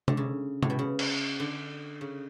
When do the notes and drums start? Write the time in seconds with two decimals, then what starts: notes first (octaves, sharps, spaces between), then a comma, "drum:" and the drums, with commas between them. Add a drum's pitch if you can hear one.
0.08 D3, drum: tom C3
0.17 C#3
0.63 A2, drum: tom C3
0.70 B2
0.79 C#3
0.99 drum: cymbal
1.40 D3
2.01 C#3